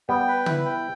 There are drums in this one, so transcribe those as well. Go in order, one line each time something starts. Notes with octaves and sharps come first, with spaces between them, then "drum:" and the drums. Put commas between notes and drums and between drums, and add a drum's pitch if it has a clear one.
G3 B3 G5
B4
E4, drum: tom
G5